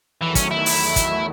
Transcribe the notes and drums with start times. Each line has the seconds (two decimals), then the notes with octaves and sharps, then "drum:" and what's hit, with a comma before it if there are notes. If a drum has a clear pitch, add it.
0.21 E2 D#3 E3 F#3 A3
0.35 C#4, drum: kick, hi-hat
0.51 E4
0.66 drum: open hi-hat
0.96 drum: kick, hi-hat